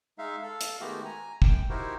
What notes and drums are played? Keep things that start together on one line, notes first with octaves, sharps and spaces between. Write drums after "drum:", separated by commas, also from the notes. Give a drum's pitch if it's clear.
G#3 D#4 E5 F5
A4 F5
drum: hi-hat
D#3 G#3 A3 B3 F#4 G4
G#5 A#5
F#2 G5, drum: kick
D#4 E4 F#4 G4 A#4 C5